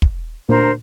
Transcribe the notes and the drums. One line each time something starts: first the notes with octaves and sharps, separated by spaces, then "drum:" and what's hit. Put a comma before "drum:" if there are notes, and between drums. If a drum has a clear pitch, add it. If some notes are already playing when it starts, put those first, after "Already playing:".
drum: kick
D2 A#2 A#4 C5 A#5